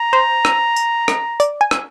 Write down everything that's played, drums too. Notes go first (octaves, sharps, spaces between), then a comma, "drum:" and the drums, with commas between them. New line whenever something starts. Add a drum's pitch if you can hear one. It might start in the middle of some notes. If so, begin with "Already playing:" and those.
Already playing: A#5
C5
drum: rim click
drum: tambourine
drum: rim click
D5, drum: tambourine
G#5
drum: rim click